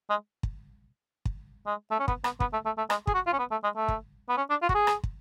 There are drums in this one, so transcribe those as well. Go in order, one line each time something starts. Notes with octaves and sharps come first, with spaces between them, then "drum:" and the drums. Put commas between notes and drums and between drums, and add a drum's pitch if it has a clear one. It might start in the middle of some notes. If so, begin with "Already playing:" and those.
G#3
drum: kick
drum: kick
G#3
A3
C#4
B3, drum: kick
B3, drum: rim click
B3, drum: kick
A3
A3
A3
G#3, drum: rim click
G#4, drum: kick
F#4
F4
C#4
B3
A3
G#3
A3
drum: kick
B3
C#4
D4
F4
F#4, drum: kick
G#4
drum: rim click
drum: kick